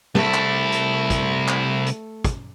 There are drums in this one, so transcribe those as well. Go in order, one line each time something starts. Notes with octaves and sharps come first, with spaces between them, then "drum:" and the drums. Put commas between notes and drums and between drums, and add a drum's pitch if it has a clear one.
C2 A3 E4 A4 E5
drum: clap
drum: hi-hat
drum: kick, hi-hat
drum: clap
drum: hi-hat
drum: kick, hi-hat